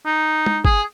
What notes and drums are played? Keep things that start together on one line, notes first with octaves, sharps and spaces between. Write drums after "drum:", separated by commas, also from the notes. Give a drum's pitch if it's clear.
D#4
drum: tom G#3
G#4, drum: kick G1